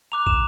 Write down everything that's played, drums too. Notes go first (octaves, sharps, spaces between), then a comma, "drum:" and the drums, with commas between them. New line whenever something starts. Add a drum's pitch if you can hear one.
A#5 D6 F#6 F7
E7, drum: kick